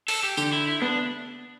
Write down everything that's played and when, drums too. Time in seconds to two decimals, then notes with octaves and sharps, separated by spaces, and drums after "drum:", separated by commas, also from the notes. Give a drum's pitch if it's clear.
0.08 A4, drum: open hi-hat
0.23 G4
0.37 D3 G4, drum: tambourine
0.52 E4
0.67 E4
0.81 B3 D4